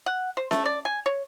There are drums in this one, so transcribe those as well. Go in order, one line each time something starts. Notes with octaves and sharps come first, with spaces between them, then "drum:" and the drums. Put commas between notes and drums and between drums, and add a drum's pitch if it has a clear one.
F#5
C5
A3, drum: snare C#4
D5
G#5
C#5